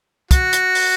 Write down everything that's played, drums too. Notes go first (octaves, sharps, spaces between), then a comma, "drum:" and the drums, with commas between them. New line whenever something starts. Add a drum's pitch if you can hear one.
F#4, drum: kick, hi-hat
drum: hi-hat
drum: open hi-hat